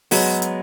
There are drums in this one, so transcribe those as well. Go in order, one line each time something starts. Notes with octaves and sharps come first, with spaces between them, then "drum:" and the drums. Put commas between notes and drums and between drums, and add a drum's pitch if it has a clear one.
F#3 G#3 B3, drum: open hi-hat
drum: hi-hat